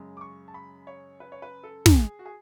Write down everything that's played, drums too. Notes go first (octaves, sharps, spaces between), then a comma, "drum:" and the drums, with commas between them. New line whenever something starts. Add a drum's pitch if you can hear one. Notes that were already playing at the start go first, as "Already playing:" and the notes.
Already playing: F#2 C#3 G#3
D6
C#6
A5
B5
C#5
B4
C#5
B4
A4
G#4, drum: snare
F#4
G#4